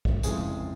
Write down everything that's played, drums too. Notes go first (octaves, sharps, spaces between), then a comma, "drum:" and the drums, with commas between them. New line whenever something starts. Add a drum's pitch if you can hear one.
drum: kick
F2 C#3 E3 G#3 G#4, drum: hi-hat